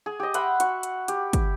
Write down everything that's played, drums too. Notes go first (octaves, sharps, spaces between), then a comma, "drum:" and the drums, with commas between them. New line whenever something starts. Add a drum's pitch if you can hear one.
G#4
G4 D#5
E5 F#5 B5 C6, drum: hi-hat
F#4 C#6, drum: hi-hat
drum: hi-hat
G4, drum: hi-hat
drum: kick, hi-hat